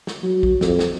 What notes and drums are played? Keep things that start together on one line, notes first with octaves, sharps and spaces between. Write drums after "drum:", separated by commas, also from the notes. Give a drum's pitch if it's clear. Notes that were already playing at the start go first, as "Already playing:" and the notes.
drum: snare
F#3
drum: kick
F2, drum: snare
drum: snare